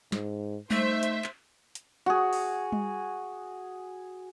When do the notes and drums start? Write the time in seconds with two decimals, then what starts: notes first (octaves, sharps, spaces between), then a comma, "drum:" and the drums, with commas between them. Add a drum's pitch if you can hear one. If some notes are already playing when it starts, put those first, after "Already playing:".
0.12 G#2, drum: snare
0.71 A3 D#4 C5 E5, drum: tom G3
1.03 drum: hi-hat
1.24 drum: clap
1.75 drum: hi-hat
2.06 F#4 G#4
2.33 drum: open hi-hat
2.72 drum: tom G3